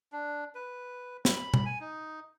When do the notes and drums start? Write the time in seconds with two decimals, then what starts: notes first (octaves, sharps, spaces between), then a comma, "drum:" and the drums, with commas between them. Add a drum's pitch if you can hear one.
0.12 D4
0.55 B4
1.25 B5, drum: snare
1.54 drum: tom B2
1.66 G#5
1.81 D#4